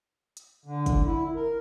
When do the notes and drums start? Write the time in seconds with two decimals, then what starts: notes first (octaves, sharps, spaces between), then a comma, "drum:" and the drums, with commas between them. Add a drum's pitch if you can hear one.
0.37 drum: hi-hat
0.66 D3
0.86 drum: kick, hi-hat
1.05 E4
1.36 A#4